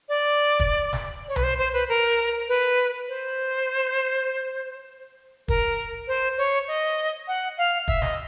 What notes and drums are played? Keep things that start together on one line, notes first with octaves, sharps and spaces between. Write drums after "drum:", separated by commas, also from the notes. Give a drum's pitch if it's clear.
D5
drum: kick
drum: snare
C#5
B4, drum: tom C2
C5
C5
B4
A#4
B4
C5
A#4, drum: kick
C5
C#5
D#5
F#5
F5
E5, drum: kick
D#5, drum: snare